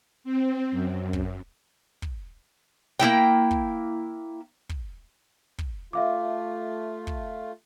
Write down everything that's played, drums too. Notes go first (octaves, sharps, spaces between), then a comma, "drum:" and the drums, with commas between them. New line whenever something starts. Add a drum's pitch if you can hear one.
C4
F#2
drum: kick
drum: kick
A#3 C4 E4 G5
drum: kick
drum: kick
drum: kick
A3 F4 E5 F5 D6
drum: kick